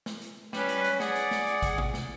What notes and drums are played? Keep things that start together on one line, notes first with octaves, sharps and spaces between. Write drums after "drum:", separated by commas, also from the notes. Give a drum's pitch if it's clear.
drum: snare
drum: hi-hat
G3 C#4 B4, drum: snare
drum: hi-hat
drum: hi-hat
G#4 D5 F#5, drum: snare
drum: hi-hat
drum: snare
drum: hi-hat
drum: kick G#1, hi-hat
drum: tom B2
drum: snare